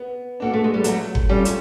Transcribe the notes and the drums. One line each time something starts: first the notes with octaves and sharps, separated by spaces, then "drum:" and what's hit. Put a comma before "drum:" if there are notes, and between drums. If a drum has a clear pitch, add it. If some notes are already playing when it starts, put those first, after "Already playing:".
Already playing: B3
A#3 D4 F#4 A4
A3
G#3
G3
F#3 A3, drum: hi-hat
drum: kick F#1
G3 C#4 F4 A4
drum: hi-hat